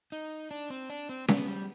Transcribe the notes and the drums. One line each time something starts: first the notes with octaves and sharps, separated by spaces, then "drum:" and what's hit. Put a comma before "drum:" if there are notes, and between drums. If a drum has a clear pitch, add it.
D#4
D4
C4
D4
C4
B3, drum: snare C#4
G3